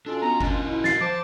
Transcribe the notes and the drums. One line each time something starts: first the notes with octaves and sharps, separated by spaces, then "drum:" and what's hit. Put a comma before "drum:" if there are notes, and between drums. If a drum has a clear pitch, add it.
B2 C#4 D4 F4 A4
B3 A#5
D4 F#4 A#4 D#5, drum: kick G1
E4
A6 C7, drum: snare
F3 C5 A5 D6